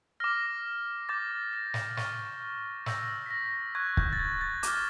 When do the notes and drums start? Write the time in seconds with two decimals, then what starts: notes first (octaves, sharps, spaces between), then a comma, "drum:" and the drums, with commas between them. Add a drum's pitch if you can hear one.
0.20 D6 F6 A#6
1.09 D6 G6 A6
1.53 A#6
1.74 drum: snare
1.97 C#6 F6 A6, drum: snare
2.86 C#6 E6 G6 A#6, drum: snare
3.26 B6
3.30 A#6
3.75 C#6 F#6 G#6
3.97 G6, drum: kick
4.13 A6
4.20 G#6
4.41 A6
4.63 D6 F6, drum: hi-hat